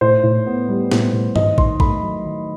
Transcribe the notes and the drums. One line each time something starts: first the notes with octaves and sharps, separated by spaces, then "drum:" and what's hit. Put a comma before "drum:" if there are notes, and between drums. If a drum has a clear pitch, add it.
A2 C5
A2
B3
G3
A2, drum: snare
A2
D#3 D#5, drum: tom G2
D#3 C6, drum: kick
A3 B5, drum: kick
F#3
D#3